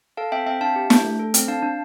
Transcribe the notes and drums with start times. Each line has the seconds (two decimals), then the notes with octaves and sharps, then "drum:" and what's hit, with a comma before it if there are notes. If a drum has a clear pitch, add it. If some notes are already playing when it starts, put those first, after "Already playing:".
0.17 A4 F5 A5
0.32 C4 E5 G5
0.46 C4 E5 G5
0.61 D4 F5 A5
0.76 G4
0.90 D4, drum: snare
1.05 A3
1.19 A4
1.34 C4, drum: hi-hat
1.48 D4 F5 A5
1.63 D4